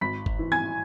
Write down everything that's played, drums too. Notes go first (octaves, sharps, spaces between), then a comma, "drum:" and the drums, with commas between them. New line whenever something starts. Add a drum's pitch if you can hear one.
G#1 B5 B6
drum: kick
E3
G#5 G#6